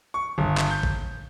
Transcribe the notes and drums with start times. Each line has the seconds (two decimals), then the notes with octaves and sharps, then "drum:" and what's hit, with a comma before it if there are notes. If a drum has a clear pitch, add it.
0.14 C#6
0.38 G1
0.57 drum: clap
0.70 G6
0.83 drum: kick